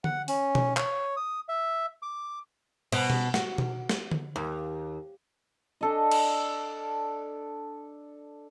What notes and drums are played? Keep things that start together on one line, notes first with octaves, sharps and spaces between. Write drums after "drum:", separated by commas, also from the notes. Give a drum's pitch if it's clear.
F#5, drum: tom D3
C#4, drum: open hi-hat
drum: tom B2
C#5, drum: clap
D#6
E5
D6
B2, drum: cymbal
drum: tom B2
F#4, drum: snare
drum: tom B2
drum: snare
drum: tom D3
D#2
D4 A4 D#5
drum: cymbal